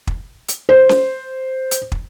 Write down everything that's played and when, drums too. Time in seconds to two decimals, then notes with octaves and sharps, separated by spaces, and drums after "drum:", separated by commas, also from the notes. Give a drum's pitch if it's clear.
0.07 drum: kick
0.48 drum: hi-hat
0.69 C5
0.89 drum: snare C#4
1.71 drum: hi-hat
1.92 drum: kick